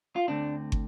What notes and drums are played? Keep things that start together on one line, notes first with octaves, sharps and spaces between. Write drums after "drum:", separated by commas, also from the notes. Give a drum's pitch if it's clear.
F4
D2 D3 A3 C4 D4
drum: kick